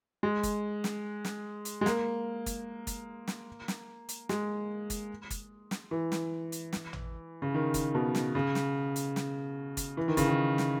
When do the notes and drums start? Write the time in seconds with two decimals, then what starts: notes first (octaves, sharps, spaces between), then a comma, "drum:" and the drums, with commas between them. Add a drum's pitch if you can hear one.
0.23 G#3
0.43 drum: kick, hi-hat
0.84 drum: snare
1.25 drum: snare
1.65 drum: hi-hat
1.81 G#3
1.86 A#3, drum: snare
2.46 drum: kick, hi-hat
2.87 drum: kick, hi-hat
3.28 drum: snare
3.68 drum: snare
4.09 drum: hi-hat
4.29 G#3, drum: snare
4.90 drum: kick, hi-hat
5.31 drum: kick, hi-hat
5.71 drum: snare
5.91 E3
6.12 drum: snare
6.52 drum: hi-hat
6.73 drum: snare
6.93 drum: tom A1
7.42 C#3
7.54 D#3
7.74 drum: kick, hi-hat
7.95 B2
8.15 drum: snare
8.35 C#3
8.55 drum: snare
8.96 drum: hi-hat
9.16 drum: snare
9.77 drum: kick, hi-hat
9.97 E3
10.08 D#3
10.17 C#3, drum: kick, hi-hat
10.28 D#3
10.58 drum: snare